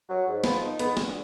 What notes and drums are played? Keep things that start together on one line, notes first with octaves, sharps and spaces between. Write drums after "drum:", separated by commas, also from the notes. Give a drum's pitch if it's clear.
F#3
G#2
F3 B3, drum: snare
D#4
G#3 B3, drum: hi-hat
D3, drum: snare